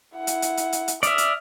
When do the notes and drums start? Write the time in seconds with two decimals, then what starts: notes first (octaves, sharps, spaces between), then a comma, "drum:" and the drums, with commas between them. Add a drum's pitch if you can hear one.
0.17 E4 F#5
0.27 drum: hi-hat
0.42 drum: hi-hat
0.57 drum: hi-hat
0.73 drum: hi-hat
0.88 drum: hi-hat
1.03 D5 E5 D#6 F6, drum: hi-hat
1.18 drum: hi-hat